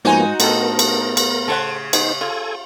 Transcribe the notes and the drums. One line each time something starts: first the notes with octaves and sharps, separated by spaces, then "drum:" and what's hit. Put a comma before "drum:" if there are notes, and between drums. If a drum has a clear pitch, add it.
G#2 F3 A#3 B3 D#4 F#4 C5 G#5
A2 D3 D#3 B3 A4 A#4, drum: cymbal
drum: cymbal
drum: cymbal
C#3 A4 C5 F#5
G#3 B3 D#4 C5, drum: cymbal
F4 A4 G#5